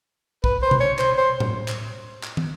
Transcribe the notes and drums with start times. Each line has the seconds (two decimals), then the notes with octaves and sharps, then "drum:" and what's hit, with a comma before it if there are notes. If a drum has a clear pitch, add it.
0.44 B4, drum: kick
0.62 C5
0.71 drum: tom B2
0.80 C#5
0.99 C5, drum: clap
1.18 C5
1.40 drum: tom A2
1.68 drum: clap
2.23 drum: clap
2.37 drum: tom